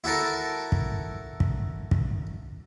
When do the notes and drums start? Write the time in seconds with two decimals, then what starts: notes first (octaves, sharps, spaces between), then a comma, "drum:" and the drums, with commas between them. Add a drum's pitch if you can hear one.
0.04 E4 F#4 A4 A#4
0.72 drum: kick
1.40 drum: kick
1.91 drum: kick